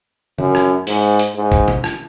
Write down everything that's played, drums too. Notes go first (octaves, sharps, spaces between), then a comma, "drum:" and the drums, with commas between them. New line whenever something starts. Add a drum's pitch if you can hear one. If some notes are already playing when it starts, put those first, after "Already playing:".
F#2, drum: tom C#3
drum: rim click
G#2, drum: open hi-hat
drum: hi-hat
G#2
drum: kick
drum: tom
drum: rim click